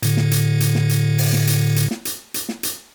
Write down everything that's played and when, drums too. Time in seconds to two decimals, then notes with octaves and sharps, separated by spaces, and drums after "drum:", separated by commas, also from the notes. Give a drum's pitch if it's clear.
0.03 A2 D3, drum: hi-hat
0.17 drum: snare
0.31 drum: hi-hat
0.60 drum: hi-hat
0.75 drum: snare
0.89 drum: hi-hat
1.18 drum: open hi-hat
1.33 drum: snare
1.47 drum: hi-hat
1.76 drum: hi-hat
1.91 drum: snare
2.05 drum: hi-hat
2.34 drum: hi-hat
2.49 drum: snare
2.63 drum: hi-hat